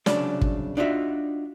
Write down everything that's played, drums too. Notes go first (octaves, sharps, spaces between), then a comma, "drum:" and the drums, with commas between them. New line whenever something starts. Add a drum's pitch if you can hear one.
C2 C#3 F#3 D4 D5, drum: snare
drum: kick
D4 D#4 F4 F#4 D#5 E5